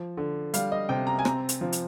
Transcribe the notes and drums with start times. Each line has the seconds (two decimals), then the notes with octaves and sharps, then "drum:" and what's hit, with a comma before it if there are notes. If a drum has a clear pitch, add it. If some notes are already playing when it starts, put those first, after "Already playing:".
Already playing: F3
0.17 D3
0.54 G3 F5, drum: hi-hat
0.72 D#5
0.89 C3 G5
1.07 A#5
1.19 G#5
1.25 C4 A#5, drum: rim click
1.49 drum: hi-hat
1.61 F3
1.72 drum: hi-hat